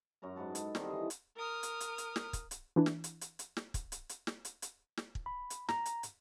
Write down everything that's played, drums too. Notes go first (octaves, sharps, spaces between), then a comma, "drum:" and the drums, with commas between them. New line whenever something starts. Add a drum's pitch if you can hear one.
F#2 F#3 A#4 A#5
G#2 B4 F#5 A5
A4, drum: hi-hat
D#3 G3 C4, drum: snare
E3 D#5 C6
drum: hi-hat
A#4 D#6 F6
drum: hi-hat
drum: hi-hat
drum: hi-hat
drum: snare
drum: kick, hi-hat
drum: hi-hat
E3 D4 E4
drum: snare
drum: hi-hat
drum: hi-hat
drum: hi-hat
drum: snare
drum: kick, hi-hat
drum: hi-hat
drum: hi-hat
drum: snare
drum: hi-hat
drum: hi-hat
drum: snare
drum: kick
B5
drum: hi-hat
A#5, drum: snare
drum: hi-hat
drum: hi-hat